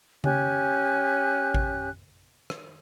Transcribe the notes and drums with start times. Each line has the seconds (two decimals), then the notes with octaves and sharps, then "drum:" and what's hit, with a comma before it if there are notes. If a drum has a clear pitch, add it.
0.24 C#4 G4 G#5 F#6, drum: tom C#3
1.55 drum: kick A1
2.50 drum: rim click